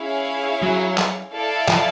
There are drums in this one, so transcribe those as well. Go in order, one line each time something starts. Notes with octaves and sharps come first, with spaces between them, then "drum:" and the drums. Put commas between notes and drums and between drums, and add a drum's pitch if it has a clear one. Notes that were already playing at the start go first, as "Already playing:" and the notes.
Already playing: C#4 E4 G#4 C#5 F5
F#3
drum: clap
E4 A4 D5 F5 A5
F3, drum: clap